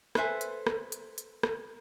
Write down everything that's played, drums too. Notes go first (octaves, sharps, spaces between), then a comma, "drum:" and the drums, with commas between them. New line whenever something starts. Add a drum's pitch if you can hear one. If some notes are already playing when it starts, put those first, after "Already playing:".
A4 B4 C5 E5 G#5, drum: rim click
drum: hi-hat
drum: rim click
drum: hi-hat
drum: hi-hat
drum: rim click